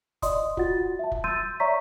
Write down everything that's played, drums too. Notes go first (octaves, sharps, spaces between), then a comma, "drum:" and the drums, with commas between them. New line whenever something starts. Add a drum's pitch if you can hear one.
D5 D#5 C6 D#6, drum: kick, hi-hat
F4 F#4 F#5 A6, drum: kick
E5 A5
drum: kick
C6 E6 G6 A6 D#7
C#5 D5 E5 A#5 C#6 B6